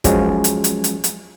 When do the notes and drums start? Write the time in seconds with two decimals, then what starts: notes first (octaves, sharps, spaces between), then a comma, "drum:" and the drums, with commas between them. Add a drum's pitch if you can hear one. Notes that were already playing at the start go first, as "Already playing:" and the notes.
0.04 F3 F#3 G#3 C#4, drum: kick, hi-hat
0.44 drum: hi-hat
0.64 drum: hi-hat
0.84 drum: hi-hat
1.04 drum: hi-hat